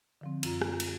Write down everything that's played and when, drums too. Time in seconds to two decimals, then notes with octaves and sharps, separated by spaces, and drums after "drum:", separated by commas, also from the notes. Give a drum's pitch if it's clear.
0.21 D3 F3 C4
0.43 F#2 F4 A#5, drum: cymbal
0.62 drum: rim click
0.80 drum: cymbal